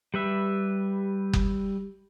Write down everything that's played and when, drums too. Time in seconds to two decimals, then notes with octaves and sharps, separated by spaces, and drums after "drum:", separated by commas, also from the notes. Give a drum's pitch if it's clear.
0.14 G3 B4 E5
1.33 drum: kick F#1